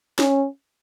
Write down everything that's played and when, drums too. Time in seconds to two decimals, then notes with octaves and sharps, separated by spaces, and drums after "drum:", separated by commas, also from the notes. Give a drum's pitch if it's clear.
0.19 C#4, drum: snare